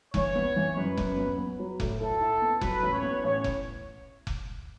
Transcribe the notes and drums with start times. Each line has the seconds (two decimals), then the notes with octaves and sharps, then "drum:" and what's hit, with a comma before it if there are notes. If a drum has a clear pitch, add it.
0.14 E3 C#5, drum: kick F1
0.35 B3
0.56 E3
0.76 F#2 B4
0.97 F#2, drum: kick F1
1.17 B3
1.38 B3
1.59 F#3
1.80 A2, drum: kick F1
2.00 E4 A4
2.21 E4
2.42 B3
2.61 F#3 B4, drum: kick F1
2.82 A1
2.93 C#5
3.03 B3
3.24 A1 C#5
3.44 drum: kick F1
4.27 drum: kick F1